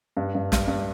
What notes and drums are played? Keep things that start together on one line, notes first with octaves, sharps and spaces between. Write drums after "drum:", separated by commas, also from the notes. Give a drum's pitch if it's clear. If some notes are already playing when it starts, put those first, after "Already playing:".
G2
G2
G2, drum: snare
G2